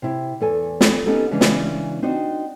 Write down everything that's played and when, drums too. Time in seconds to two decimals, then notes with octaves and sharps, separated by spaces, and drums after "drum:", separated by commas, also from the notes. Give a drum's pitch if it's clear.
0.02 C3 E4
0.40 E2 A4 G#5
0.81 drum: snare
1.06 B3 C#4 D#4 G4 A4
1.31 C#3 E3 G#3 C#4 D4
1.41 drum: snare
2.02 C4 D4 D#4 F#4